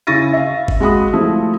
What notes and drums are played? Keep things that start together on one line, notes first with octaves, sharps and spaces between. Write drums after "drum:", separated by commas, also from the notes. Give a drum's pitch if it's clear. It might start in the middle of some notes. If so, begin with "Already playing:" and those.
C#3 E4 C#6 A6 A#6 D#7
E5 F5
drum: kick G1
G#3 F#4 B5 D#6
F3 A3 E4